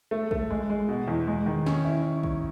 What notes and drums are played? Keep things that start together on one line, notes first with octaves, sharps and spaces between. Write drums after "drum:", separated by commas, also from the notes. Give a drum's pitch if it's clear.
A3
A3, drum: kick
G#3
G#3
B2
E2
G#3
D#3
C#4, drum: snare
E4
drum: kick